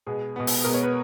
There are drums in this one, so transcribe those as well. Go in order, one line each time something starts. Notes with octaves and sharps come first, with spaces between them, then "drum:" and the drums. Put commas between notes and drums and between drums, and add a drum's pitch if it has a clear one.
B2 G#3 B3 G#4
B2 G#3 B3
drum: open hi-hat
B2 G#3 B3 A#4
C#5
B4